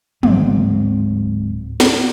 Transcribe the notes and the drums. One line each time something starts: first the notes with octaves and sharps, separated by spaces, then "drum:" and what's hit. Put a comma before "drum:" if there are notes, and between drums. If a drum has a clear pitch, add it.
D1 G#2 F#3 C4, drum: tom
drum: snare